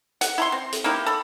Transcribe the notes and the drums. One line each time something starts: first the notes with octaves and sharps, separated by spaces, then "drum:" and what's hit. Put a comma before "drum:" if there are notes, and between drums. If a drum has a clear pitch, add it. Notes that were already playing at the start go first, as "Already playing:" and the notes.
F#5, drum: hi-hat
E4 A#5 C6
C4
drum: hi-hat
A#3 D#4 E4 G4
A4 B5